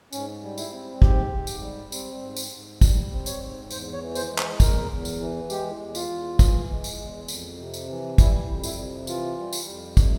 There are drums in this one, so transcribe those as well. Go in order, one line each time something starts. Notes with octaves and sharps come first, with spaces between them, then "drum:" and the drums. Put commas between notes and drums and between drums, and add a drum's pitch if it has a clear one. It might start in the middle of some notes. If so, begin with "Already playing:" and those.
G#2 C#4, drum: tambourine
G3
E4, drum: tambourine
C4
G#2 G4, drum: kick
G#2
drum: tambourine
G3
C4, drum: tambourine
G#2
drum: tambourine
G#2
G3, drum: kick, tambourine
C4
C#5, drum: tambourine
G#2
E2 C5, drum: tambourine
C#5
E3
C5, drum: tambourine
G#3
C5, drum: clap
E2 A#4, drum: kick, tambourine
E2
drum: tambourine
E3
G#3 G4, drum: tambourine
E2
F4, drum: tambourine
E2
E3, drum: kick, tambourine
G#3
drum: tambourine
E2
F2, drum: tambourine
C3
drum: tambourine
E3
G3 E4, drum: kick, tambourine
F2
E4, drum: tambourine
C3
E3 F4, drum: tambourine
G3
drum: tambourine
F2
C3, drum: kick, tambourine